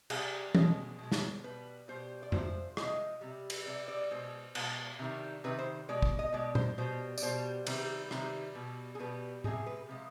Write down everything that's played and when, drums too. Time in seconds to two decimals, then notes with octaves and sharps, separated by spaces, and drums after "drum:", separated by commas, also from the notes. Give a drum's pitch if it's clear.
0.10 C3 G3 G#4, drum: cymbal
0.55 B2 G#3, drum: tom E3
0.99 B2 G#3
1.12 drum: snare
1.44 B2 G3 B4
1.88 B2 G3 C5
2.23 D5
2.32 C3 F3 G#3 C5, drum: tom F2
2.77 C3 F3 G#3 D#5, drum: rim click
3.21 C3 G3
3.50 drum: cymbal
3.66 C3 G3 D5
3.88 D5
4.11 B2 G#3 C5
4.55 B2 G#3, drum: cymbal
4.99 C3 D#3 G3
5.44 C3 D#3 G3 B4
5.59 C5
5.89 B2 G#3 D5
6.02 drum: kick
6.19 D#5
6.33 B2 G#3 D5
6.55 C5, drum: tom A#2
6.78 B2 G3 C5
7.18 D5, drum: tambourine
7.22 B2 G3 C5
7.67 C3 D#3 G3, drum: cymbal
8.11 C3 D#3 G3, drum: rim click
8.55 B2 G3
8.95 G#4
8.99 B2 G3 B4
9.44 C3 F3 G#3 G#4, drum: tom A2
9.66 B4
9.89 C3 F3 G#3